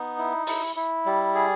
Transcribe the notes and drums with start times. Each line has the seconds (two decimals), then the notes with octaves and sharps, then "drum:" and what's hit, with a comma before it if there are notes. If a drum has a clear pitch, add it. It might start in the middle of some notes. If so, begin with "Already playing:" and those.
Already playing: B3 D#4
0.18 E4
0.47 E4, drum: open hi-hat
0.76 E4
1.06 G3
1.35 G#4